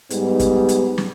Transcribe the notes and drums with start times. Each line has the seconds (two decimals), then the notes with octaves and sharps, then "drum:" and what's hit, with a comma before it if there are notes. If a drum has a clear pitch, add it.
0.10 G#2 G3 B3, drum: hi-hat
0.39 drum: kick, hi-hat
0.69 drum: hi-hat
0.98 drum: snare